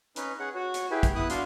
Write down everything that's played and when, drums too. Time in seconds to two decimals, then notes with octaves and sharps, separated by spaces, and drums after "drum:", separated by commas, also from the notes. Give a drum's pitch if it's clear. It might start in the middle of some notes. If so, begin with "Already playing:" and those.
0.16 C#4 D#4 B4, drum: hi-hat
0.39 G#4 C#5 F#5
0.55 F#4 C#5
0.74 drum: hi-hat
0.91 E4 G4 G#4 B4
1.03 drum: kick, hi-hat
1.16 B3 E4 B4 D#6 F#6
1.30 D4 F#4 F5 C6, drum: hi-hat